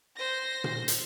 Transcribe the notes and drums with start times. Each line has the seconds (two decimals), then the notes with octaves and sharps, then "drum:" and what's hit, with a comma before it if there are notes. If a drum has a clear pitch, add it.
0.17 C5 A#6
0.64 drum: tom A#2
0.88 drum: hi-hat